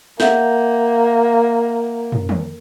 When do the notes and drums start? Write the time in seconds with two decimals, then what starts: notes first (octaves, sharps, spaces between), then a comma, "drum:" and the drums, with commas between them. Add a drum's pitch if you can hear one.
0.20 A#3 E5 F#5 G6, drum: snare
2.12 drum: tom
2.29 drum: tom